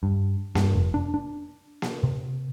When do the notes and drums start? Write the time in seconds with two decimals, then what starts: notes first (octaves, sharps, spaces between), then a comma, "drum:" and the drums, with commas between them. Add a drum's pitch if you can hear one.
0.03 G2
0.55 G2, drum: snare A#3
0.75 F1
0.94 D4
1.14 D4
1.82 drum: snare A#3
2.03 C3